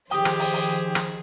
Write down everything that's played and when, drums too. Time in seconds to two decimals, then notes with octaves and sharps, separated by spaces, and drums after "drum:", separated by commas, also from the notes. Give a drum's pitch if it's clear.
0.11 D#3 F3 G4 G#4 C5 G5 D#6, drum: hi-hat
0.25 drum: rim click
0.39 drum: open hi-hat
0.53 drum: open hi-hat
0.67 drum: hi-hat
0.95 drum: rim click